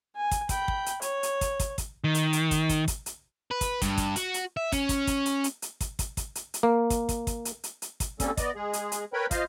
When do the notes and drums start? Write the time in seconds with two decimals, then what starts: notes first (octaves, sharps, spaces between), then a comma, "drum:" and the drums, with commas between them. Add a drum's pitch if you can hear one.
0.16 G#5
0.31 drum: kick, hi-hat
0.49 G5 B5, drum: kick, hi-hat
0.68 drum: kick
0.86 drum: hi-hat
1.02 C#5, drum: hi-hat
1.23 drum: hi-hat
1.41 drum: kick, hi-hat
1.60 drum: kick, hi-hat
1.78 drum: kick, hi-hat
2.04 D#3
2.14 drum: hi-hat
2.33 drum: hi-hat
2.51 drum: kick, hi-hat
2.69 drum: kick, hi-hat
2.88 drum: kick, hi-hat
3.06 drum: hi-hat
3.51 B4
3.61 drum: kick, hi-hat
3.82 G2, drum: kick, hi-hat
3.97 drum: kick, hi-hat
4.16 F#4, drum: hi-hat
4.34 drum: hi-hat
4.57 E5
4.72 C#4, drum: kick, hi-hat
4.89 drum: kick, hi-hat
5.07 drum: kick, hi-hat
5.26 drum: hi-hat
5.44 drum: hi-hat
5.62 drum: hi-hat
5.81 drum: kick, hi-hat
5.99 drum: kick, hi-hat
6.17 drum: kick, hi-hat
6.35 drum: hi-hat
6.54 drum: hi-hat
6.63 A#3
6.90 drum: kick, hi-hat
7.09 drum: kick, hi-hat
7.27 drum: kick, hi-hat
7.45 drum: hi-hat
7.64 drum: hi-hat
7.82 drum: hi-hat
8.00 drum: kick, hi-hat
8.20 G3 A#3 C4 C#4 A4, drum: kick, hi-hat
8.37 B3 D5 D#5, drum: kick, hi-hat
8.55 G#3 G#4
8.73 drum: hi-hat
8.92 drum: hi-hat
9.13 A#4 B4 C#5 G5 B5
9.31 F4 C5 D#5 F5 F6, drum: kick, hi-hat